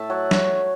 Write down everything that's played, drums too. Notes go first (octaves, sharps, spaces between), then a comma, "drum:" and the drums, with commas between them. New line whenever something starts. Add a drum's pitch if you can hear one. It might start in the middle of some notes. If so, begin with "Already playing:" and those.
Already playing: A2 A3 E5 A5
F#3 C#5 F#5
drum: snare